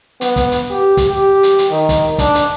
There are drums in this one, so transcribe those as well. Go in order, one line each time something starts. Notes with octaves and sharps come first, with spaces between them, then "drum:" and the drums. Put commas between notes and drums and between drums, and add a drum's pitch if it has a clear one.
B3, drum: hi-hat
drum: kick, hi-hat
drum: hi-hat
G4
drum: kick, hi-hat
G4
drum: hi-hat
drum: hi-hat
D#3
drum: kick, hi-hat
D4, drum: kick, hi-hat
drum: hi-hat